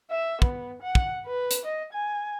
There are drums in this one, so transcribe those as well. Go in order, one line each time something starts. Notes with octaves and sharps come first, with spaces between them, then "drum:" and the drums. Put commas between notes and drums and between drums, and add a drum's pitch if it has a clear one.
E5
B3, drum: kick
F#5
drum: kick
B4
drum: hi-hat
D#5
G#5